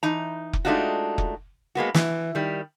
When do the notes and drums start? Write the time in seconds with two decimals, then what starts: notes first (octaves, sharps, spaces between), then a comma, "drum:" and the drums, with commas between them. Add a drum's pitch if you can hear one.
0.03 E3 D#4 A#5
0.53 drum: kick F1
0.65 G#3 A3 D4 D#4 F4 F#4
1.18 drum: kick F1
1.75 G#3 A#3 B3 F#4
1.95 E3, drum: snare
2.35 D#3 G3